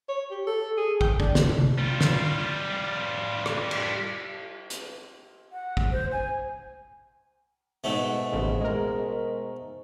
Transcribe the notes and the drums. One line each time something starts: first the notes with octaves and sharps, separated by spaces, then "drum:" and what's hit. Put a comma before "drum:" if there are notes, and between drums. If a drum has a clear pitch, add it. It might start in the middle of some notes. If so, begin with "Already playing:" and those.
C#5
G4
A4
G#4
G5, drum: kick
D4, drum: kick
drum: snare
drum: tom C3
G3 F4
drum: snare
drum: rim click
drum: cymbal
drum: hi-hat
F#5
drum: kick
C5
G#5
G#2 B2 A3
A1 D#2 C#3
G#3 A#4